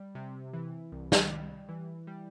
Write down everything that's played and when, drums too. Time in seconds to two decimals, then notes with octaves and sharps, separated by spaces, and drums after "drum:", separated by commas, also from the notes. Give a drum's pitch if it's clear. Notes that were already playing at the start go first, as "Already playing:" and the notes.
Already playing: G3
0.15 C3
0.53 E3
0.92 C2
1.12 drum: snare
1.31 G3
1.69 E3
2.07 G3